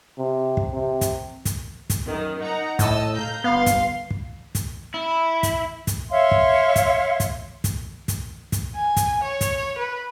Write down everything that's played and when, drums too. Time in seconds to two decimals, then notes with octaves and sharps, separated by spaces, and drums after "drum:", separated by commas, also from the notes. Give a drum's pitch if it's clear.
0.18 C3
0.57 drum: kick
0.73 C3
1.01 drum: kick, hi-hat
1.45 drum: kick, hi-hat
1.90 drum: kick, hi-hat
2.07 F#2 D#3
2.40 D#4 F#5 A#5
2.79 A2 D#5 A5 E6, drum: kick, hi-hat
3.14 F5 A#5 G6
3.44 G1 B3 F5 C6
3.66 drum: kick, hi-hat
4.11 drum: kick
4.55 drum: kick, hi-hat
4.94 E4
5.43 drum: kick, hi-hat
5.87 drum: kick, hi-hat
6.11 C#5 E5 F5 C6
6.31 drum: kick
6.76 drum: kick, hi-hat
7.20 drum: kick, hi-hat
7.64 drum: kick, hi-hat
8.08 drum: kick, hi-hat
8.52 drum: kick, hi-hat
8.75 G#5
8.97 drum: kick, hi-hat
9.23 C#5
9.41 drum: kick, hi-hat
9.78 B4